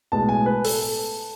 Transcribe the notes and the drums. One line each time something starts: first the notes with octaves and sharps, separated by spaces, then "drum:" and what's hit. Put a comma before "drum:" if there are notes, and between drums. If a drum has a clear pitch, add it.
B1 A2 G#3 B3 A5
G#5
B4
A4, drum: open hi-hat